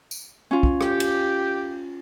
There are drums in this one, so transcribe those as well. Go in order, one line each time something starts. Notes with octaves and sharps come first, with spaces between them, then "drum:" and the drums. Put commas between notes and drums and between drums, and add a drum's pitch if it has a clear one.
drum: tambourine
C#4 F4
drum: kick
G4, drum: rim click
drum: cymbal